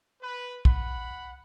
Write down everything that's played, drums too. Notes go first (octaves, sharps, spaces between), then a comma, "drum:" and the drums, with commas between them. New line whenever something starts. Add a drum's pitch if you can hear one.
B4
F#5 B5, drum: kick